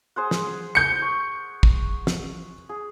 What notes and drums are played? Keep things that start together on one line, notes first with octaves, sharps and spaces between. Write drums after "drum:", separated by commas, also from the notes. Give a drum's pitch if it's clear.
G#4 C5 F#5
drum: snare
G6 C#7
C#6
drum: kick
drum: snare
G#4